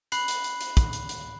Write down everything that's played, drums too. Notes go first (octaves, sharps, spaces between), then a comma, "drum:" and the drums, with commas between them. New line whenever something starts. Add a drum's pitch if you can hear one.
B5 F#6 C7 F#7, drum: hi-hat
drum: hi-hat
drum: hi-hat
drum: hi-hat
drum: kick, hi-hat
drum: hi-hat
drum: hi-hat